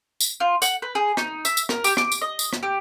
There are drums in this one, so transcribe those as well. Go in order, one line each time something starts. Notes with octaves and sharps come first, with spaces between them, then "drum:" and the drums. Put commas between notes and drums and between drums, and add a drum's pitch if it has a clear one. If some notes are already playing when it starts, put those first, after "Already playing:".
drum: tambourine
F4
F#5, drum: tambourine
B4
G#4
D#4, drum: rim click
E5, drum: tambourine
drum: tambourine
A#4, drum: rim click
G4, drum: tambourine
D6, drum: rim click
drum: tambourine
D#5
drum: tambourine
drum: rim click
G4